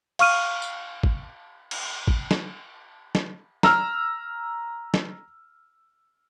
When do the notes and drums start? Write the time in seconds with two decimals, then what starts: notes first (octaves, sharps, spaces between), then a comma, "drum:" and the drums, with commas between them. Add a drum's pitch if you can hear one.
0.19 F5 C#6 F6 D#7, drum: cymbal
0.62 drum: tambourine
1.03 drum: kick
1.71 drum: cymbal
2.07 drum: kick
2.31 drum: snare
3.15 drum: snare
3.63 A#5 E6 F6, drum: snare
4.94 drum: snare